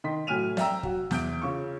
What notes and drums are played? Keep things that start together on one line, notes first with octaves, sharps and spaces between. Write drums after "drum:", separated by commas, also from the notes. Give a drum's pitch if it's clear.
D#3 D#5 C6 B6
A2 F#3 G#5 F6 D#7 F7
D5 E5 G5 A#5 E6, drum: snare
F#3 F#4, drum: kick
E2 G6 D7, drum: snare
C#3 F4 C#6